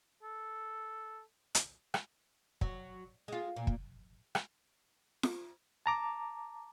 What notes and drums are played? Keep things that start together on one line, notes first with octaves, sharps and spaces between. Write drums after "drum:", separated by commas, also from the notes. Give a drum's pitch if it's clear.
A4
drum: hi-hat
drum: rim click
F#3, drum: kick
G#3 F4
A#2
drum: kick
drum: rim click
drum: snare F4
A5 A#5 D6